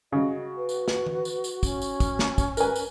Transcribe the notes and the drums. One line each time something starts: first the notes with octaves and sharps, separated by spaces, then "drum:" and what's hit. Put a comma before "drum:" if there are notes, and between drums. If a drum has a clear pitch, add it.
C#3 F#4 D#5
B4
drum: tambourine
drum: snare
drum: tom E3
drum: tambourine
drum: tambourine
C#4, drum: kick, tambourine
drum: tambourine
drum: kick, tambourine
drum: snare
drum: kick, tambourine
A#4 B4 G#5, drum: tambourine
drum: tambourine